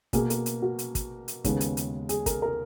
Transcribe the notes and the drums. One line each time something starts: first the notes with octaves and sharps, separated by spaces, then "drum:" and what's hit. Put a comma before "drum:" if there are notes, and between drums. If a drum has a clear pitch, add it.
B2 A#3 G#4, drum: kick, hi-hat
A#4, drum: hi-hat
drum: hi-hat
F#4
drum: hi-hat
drum: kick, hi-hat
drum: hi-hat
D#2 C#3 G#3 B3, drum: kick, hi-hat
drum: hi-hat
drum: hi-hat
G#4, drum: hi-hat
A#4, drum: kick, hi-hat
A#4